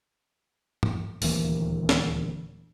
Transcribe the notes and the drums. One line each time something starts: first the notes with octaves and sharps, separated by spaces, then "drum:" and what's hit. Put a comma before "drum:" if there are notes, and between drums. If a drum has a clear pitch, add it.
drum: tom
D#1 D2 E3 A#3, drum: open hi-hat
drum: snare